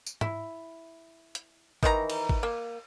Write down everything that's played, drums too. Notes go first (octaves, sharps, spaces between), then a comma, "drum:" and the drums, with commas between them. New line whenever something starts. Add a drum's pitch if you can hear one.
drum: tambourine
E4, drum: tom G#2
drum: hi-hat
D#3 E3 E4 A#5, drum: kick
drum: cymbal
drum: kick
A#3